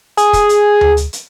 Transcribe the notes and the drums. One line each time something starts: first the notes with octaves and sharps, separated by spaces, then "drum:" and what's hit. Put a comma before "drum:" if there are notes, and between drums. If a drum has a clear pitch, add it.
G#4, drum: hi-hat
drum: kick, hi-hat
drum: hi-hat
drum: tom D2
drum: hi-hat
drum: hi-hat